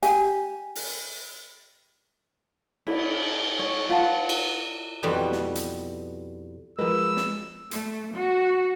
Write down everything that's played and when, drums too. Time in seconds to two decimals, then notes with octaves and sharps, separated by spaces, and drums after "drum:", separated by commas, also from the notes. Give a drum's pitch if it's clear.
0.03 G4 G#5, drum: hi-hat
0.75 drum: open hi-hat
2.87 E4, drum: cymbal
3.59 C#5
3.89 F4 B4 F#5 A5
4.29 drum: cymbal
5.03 F2 B2 E3 G3
5.32 drum: snare
5.55 drum: hi-hat
6.79 F3 G#3 A#4 B4 E6
7.17 drum: snare
7.71 A3, drum: hi-hat
8.14 F#4